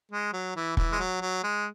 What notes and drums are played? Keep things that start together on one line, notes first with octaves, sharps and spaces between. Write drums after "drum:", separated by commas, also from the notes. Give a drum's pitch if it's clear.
G#3
F#3
E3
E3, drum: kick
G#3
F#3
F#3
G#3